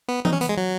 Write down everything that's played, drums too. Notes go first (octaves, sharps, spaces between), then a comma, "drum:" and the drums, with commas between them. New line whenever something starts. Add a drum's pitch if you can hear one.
B3
D#4, drum: tom E3
C#4
B3, drum: hi-hat
G#3
F#3